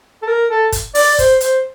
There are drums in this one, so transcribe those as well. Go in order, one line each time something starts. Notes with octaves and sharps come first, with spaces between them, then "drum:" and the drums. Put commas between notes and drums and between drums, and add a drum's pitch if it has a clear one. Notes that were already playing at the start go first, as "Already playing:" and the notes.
A4
A#4
A4
drum: kick F#1, hi-hat
D5, drum: open hi-hat
C5, drum: kick F#1, hi-hat
C5, drum: hi-hat